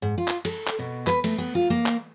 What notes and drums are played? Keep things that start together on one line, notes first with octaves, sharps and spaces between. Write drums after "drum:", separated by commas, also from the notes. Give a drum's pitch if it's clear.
G#2
F4
drum: clap
A4, drum: cymbal
drum: clap
B2
B4, drum: clap
A3, drum: cymbal
B3
F4
A#3
drum: clap